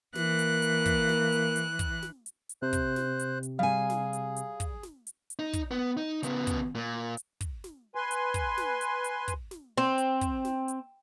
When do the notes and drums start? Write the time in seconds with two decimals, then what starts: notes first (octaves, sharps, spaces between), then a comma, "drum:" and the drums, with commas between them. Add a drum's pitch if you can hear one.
0.15 E3 A#3 F#6, drum: snare
0.39 drum: hi-hat
0.62 drum: hi-hat
0.86 drum: kick, hi-hat
1.09 drum: snare
1.32 drum: hi-hat
1.56 drum: hi-hat
1.79 drum: kick, hi-hat
2.02 drum: snare
2.26 drum: hi-hat
2.49 drum: hi-hat
2.62 C3 C5 F#6
2.73 drum: kick, hi-hat
2.96 drum: snare
3.19 drum: hi-hat
3.43 drum: hi-hat
3.59 G3 G#4 F5 G#5
3.90 drum: snare
4.13 drum: hi-hat
4.36 drum: hi-hat
4.60 drum: kick, hi-hat
4.83 drum: snare
5.07 drum: hi-hat
5.30 drum: hi-hat
5.39 D#4
5.53 drum: kick, hi-hat
5.71 B3
5.97 D#4
6.23 C#3 B3, drum: hi-hat
6.47 drum: kick, hi-hat
6.75 A#2
7.17 drum: hi-hat
7.41 drum: kick, hi-hat
7.64 drum: snare
7.95 B4 G#5 C6
8.11 drum: hi-hat
8.34 drum: kick, hi-hat
8.58 drum: snare
8.81 drum: hi-hat
9.04 drum: hi-hat
9.28 drum: kick, hi-hat
9.51 drum: snare
9.78 C4
9.98 drum: hi-hat
10.21 drum: kick, hi-hat
10.45 drum: snare
10.68 drum: hi-hat